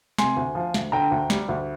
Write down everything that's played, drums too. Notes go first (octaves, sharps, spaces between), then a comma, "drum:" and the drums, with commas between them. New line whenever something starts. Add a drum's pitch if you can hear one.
C3 G#5 C6, drum: snare
D2
F3
D2, drum: snare
D3 G5 A#5
D2
G3, drum: snare
D2